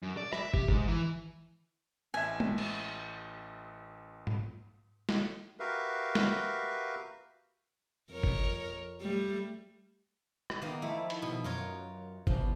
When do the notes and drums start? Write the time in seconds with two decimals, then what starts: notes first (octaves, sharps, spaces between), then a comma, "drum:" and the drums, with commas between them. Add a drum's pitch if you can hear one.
0.03 F#2
0.17 D5
0.33 E5, drum: rim click
0.54 G4, drum: kick
0.68 G#2, drum: kick
0.88 E3
2.14 A1 E5 G#5
2.40 drum: tom
2.58 drum: cymbal
4.27 drum: tom G#2
5.09 drum: snare
5.60 F#4 G4 A#4 B4 E5 F5
6.15 drum: snare
8.11 F2 A#4 C#5
8.23 drum: kick
9.01 G3 A3
10.50 drum: rim click
10.62 D#3 A#3 B3
10.82 D#3 F3 A3 E4
11.10 drum: hi-hat
11.22 B2
11.44 F#2 F4 A#4 C#5
12.27 E2 C3 E3 F3, drum: kick